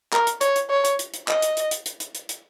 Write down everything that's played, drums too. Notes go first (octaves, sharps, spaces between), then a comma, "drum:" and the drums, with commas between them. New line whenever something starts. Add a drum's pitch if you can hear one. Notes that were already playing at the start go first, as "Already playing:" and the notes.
A#4, drum: clap
drum: hi-hat
C#5, drum: hi-hat
drum: hi-hat
C#5
drum: hi-hat
drum: hi-hat
drum: hi-hat
D#5, drum: clap
drum: hi-hat
drum: hi-hat
drum: hi-hat
drum: hi-hat
drum: hi-hat
drum: hi-hat
drum: hi-hat